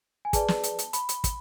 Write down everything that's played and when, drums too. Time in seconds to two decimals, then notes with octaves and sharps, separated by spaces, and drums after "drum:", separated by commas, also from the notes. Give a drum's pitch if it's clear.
0.25 G#5
0.33 G#4 B4 D5 A5, drum: kick, hi-hat
0.48 drum: snare
0.63 drum: hi-hat
0.79 drum: hi-hat
0.93 B5, drum: hi-hat
1.09 drum: hi-hat
1.24 drum: kick, hi-hat